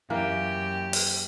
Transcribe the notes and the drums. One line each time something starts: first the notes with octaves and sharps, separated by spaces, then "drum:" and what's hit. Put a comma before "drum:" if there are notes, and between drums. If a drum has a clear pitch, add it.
F#2 E3 A#3 G4
drum: open hi-hat